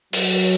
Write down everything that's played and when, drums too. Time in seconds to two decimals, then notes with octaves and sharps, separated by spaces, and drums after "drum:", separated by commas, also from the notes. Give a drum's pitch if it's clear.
0.13 F#3, drum: open hi-hat